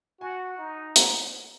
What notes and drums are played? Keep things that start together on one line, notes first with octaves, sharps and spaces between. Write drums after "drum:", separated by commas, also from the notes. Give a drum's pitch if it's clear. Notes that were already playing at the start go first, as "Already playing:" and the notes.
F#4 G#5
D#4
A#5, drum: hi-hat